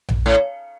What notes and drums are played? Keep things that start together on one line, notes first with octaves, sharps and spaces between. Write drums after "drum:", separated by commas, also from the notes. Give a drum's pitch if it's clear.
drum: tom A#1
A2